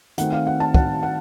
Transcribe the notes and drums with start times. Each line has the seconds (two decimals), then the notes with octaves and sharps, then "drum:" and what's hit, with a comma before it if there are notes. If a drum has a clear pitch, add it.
0.18 D#3 A3 C4 F#5, drum: hi-hat
0.33 F5
0.47 F#5
0.60 A5
0.74 F#5, drum: kick
1.03 F#5